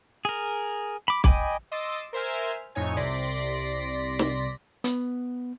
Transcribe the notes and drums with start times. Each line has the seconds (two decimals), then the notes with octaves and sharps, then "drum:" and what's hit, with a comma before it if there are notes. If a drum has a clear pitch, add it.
0.25 G#4 A#4
1.08 B5 D6
1.24 D#5 G5 G#5 B5 D6, drum: kick
1.71 D#5 C6 D6 E6 A6
2.13 A#4 C5 E5 G#5 F6
2.75 F2 A2 D#4 C#5 G#5
2.97 C2 C3 D5 C6 A#6 B6
4.19 drum: snare
4.84 B3, drum: hi-hat